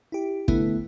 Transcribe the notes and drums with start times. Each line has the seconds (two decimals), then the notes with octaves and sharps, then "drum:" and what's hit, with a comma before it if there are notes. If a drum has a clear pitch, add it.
0.12 E4 G4
0.48 D3 A3 B3 E4, drum: kick